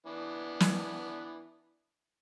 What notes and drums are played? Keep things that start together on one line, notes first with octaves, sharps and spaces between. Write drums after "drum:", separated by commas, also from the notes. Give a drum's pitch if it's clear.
E3 B3 D4
drum: snare